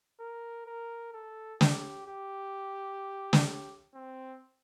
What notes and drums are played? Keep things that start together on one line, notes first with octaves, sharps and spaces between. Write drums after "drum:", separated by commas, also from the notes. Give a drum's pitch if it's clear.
A#4
A#4
A4
G4, drum: snare
G4
drum: snare
C4